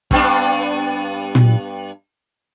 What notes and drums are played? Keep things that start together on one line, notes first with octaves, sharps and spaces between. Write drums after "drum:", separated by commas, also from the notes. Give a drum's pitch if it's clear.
G2 B3 D4, drum: kick
drum: tom A#2